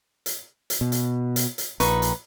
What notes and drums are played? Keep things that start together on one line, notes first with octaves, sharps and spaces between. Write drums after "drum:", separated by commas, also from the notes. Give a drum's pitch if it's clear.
drum: hi-hat
drum: hi-hat
B2
drum: hi-hat
drum: hi-hat
drum: hi-hat
A#1 D#4 B4 C#6, drum: hi-hat
drum: hi-hat